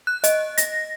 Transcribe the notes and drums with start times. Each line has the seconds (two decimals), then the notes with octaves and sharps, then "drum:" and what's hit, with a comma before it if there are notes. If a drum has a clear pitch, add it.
0.07 F#6
0.24 D#5, drum: hi-hat
0.58 A#6, drum: hi-hat